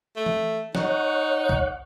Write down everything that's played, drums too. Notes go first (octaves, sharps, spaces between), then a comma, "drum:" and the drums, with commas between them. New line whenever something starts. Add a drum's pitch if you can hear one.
A3
drum: tom E3
D#4 C#5 F#5, drum: snare
drum: kick